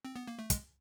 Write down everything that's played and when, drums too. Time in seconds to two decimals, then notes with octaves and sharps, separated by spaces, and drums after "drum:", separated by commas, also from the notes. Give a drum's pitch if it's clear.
0.05 C4
0.16 B3
0.28 A#3
0.39 A3
0.50 G#3, drum: kick, hi-hat